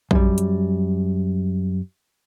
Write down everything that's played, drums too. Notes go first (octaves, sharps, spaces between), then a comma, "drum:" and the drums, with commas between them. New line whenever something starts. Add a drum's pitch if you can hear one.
F#2 G3, drum: kick A#1
drum: hi-hat